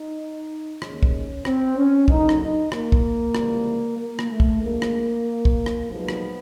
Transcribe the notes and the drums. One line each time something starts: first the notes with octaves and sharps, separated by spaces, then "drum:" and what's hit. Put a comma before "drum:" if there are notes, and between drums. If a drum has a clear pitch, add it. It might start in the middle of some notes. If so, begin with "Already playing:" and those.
Already playing: D#4
D#2 D#3 G#3 C#4, drum: rim click
drum: kick
C4, drum: rim click
C#4
F#1 F#2 D3 D#4, drum: kick
drum: rim click
D#4
A#3, drum: rim click
drum: kick
C#2 C3 E3 G3, drum: rim click
A#3
drum: rim click
A3
drum: kick
D2 D3 F3 G#3 A#3
drum: rim click
drum: kick
drum: rim click
B1 A#2 F3 G#3 B3
drum: rim click